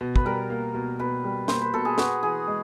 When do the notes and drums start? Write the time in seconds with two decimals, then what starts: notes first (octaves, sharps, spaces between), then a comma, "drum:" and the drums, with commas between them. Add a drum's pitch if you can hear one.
0.01 B2
0.16 B4, drum: kick
0.25 G3 A#4
0.50 A#3
0.74 B2
0.99 B2 B4
1.24 G3
1.48 A#3 C5, drum: snare
1.61 B4
1.73 B2 A4
1.85 G#4
1.98 B3 F#4, drum: snare
2.23 E3 G#4
2.48 G#3